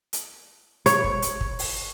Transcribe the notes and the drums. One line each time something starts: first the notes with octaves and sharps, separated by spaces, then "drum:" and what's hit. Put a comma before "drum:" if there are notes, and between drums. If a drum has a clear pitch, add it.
drum: hi-hat
C#5, drum: hi-hat
drum: kick
drum: hi-hat
drum: kick
drum: open hi-hat